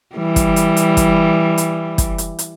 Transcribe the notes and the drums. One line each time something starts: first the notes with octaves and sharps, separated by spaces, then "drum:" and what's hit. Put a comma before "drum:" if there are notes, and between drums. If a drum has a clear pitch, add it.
E3 G3
drum: kick, hi-hat
drum: hi-hat
drum: hi-hat
drum: kick, hi-hat
drum: hi-hat
drum: kick, hi-hat
drum: hi-hat
drum: hi-hat